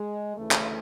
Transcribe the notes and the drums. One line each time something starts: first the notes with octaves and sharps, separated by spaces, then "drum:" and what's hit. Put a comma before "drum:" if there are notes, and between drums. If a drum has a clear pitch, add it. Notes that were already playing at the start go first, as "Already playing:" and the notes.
Already playing: G#3
D2 C#3 E3 A3
drum: clap